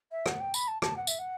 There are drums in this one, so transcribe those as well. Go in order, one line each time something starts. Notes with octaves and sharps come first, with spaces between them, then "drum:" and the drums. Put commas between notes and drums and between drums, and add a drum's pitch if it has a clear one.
E5
F#5, drum: rim click
G5
B5, drum: tambourine
A5
A5, drum: rim click
F#5
E5, drum: tambourine
F#5